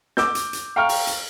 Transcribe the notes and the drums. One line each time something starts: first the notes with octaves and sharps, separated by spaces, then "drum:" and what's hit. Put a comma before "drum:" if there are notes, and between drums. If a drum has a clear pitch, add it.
D6 E6 G6, drum: snare
drum: hi-hat
drum: hi-hat
F5 G5 A#5 C#6 F6
drum: open hi-hat
drum: hi-hat